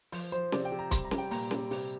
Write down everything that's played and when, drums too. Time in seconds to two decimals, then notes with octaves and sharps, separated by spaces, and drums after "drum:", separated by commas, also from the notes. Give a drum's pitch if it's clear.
0.12 F3 C5, drum: open hi-hat
0.32 F3 C5
0.52 C3 D5, drum: snare
0.65 G5
0.72 C3
0.79 A#5
0.91 G3 C6, drum: kick, hi-hat
1.05 A#5
1.11 G3, drum: snare
1.18 G5
1.31 A#2 A#5, drum: open hi-hat
1.51 G3, drum: snare
1.71 C3, drum: open hi-hat